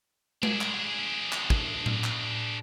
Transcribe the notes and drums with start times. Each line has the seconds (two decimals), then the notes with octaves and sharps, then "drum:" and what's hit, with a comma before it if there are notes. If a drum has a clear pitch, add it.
0.43 D4 G#4, drum: tom G#3
0.61 drum: clap
1.32 drum: clap
1.50 drum: kick
1.86 drum: tom A2
2.04 drum: clap